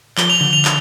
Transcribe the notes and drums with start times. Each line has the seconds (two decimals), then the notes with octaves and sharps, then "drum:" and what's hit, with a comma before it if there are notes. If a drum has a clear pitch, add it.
0.18 F3 G7, drum: clap
0.30 F7
0.41 D3 G7
0.53 F7
0.65 drum: clap